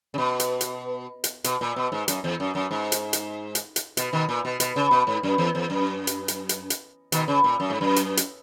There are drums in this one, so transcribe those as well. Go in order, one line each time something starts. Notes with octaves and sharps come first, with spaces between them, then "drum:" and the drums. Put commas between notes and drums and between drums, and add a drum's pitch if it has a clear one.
C#3
B2
drum: hi-hat
drum: hi-hat
drum: hi-hat
B2, drum: hi-hat
A#2
B2
G#2
F#2, drum: hi-hat
E2
F#2
F#2
G#2
drum: hi-hat
drum: hi-hat
drum: hi-hat
drum: hi-hat
B2, drum: hi-hat
B2 D#3
A#2
B2
B2, drum: hi-hat
C#3
B2
G#2
F#2
E2
E2
F#2
drum: hi-hat
drum: hi-hat
drum: hi-hat
drum: hi-hat
B2 D#3, drum: hi-hat
C#3
A#2
F#2
G#2
F#2
drum: hi-hat
drum: hi-hat